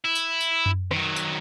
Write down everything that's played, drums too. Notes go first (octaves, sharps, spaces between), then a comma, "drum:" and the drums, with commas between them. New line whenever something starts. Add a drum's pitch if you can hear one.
E4
drum: tambourine
drum: tambourine
drum: tom F#2
D#3 F#3, drum: rim click
drum: tambourine